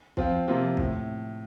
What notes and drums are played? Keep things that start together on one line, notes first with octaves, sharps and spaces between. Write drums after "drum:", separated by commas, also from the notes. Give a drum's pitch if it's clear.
F3 C4 F4, drum: kick
C3 F3 A#3 F4
A2, drum: kick